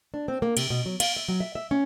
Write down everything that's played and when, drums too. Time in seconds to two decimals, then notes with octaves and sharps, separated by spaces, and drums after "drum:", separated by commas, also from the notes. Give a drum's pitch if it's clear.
0.14 D4
0.28 C4
0.42 A#3
0.57 C3, drum: cymbal
0.70 B2
0.86 F#3
1.00 F5, drum: cymbal
1.17 E5
1.28 F#3
1.40 E5
1.55 E5
1.71 C#4